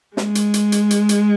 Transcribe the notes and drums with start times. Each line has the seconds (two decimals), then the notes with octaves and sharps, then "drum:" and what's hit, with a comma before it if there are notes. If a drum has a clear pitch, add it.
0.17 G#3, drum: snare
0.35 drum: hi-hat
0.54 drum: hi-hat
0.72 drum: hi-hat
0.91 drum: hi-hat
1.09 drum: hi-hat